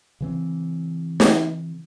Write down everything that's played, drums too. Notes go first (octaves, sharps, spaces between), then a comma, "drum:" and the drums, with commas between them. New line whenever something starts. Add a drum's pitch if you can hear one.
C#3 E3 C4
drum: snare